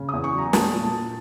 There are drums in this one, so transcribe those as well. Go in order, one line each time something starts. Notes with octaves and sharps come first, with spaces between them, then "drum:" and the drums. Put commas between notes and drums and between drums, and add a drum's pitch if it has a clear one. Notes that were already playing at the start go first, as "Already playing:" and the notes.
Already playing: C#3
E2 D#6
C#6
F#3
A#5
A#2 A5, drum: snare
A#2
A5
A#2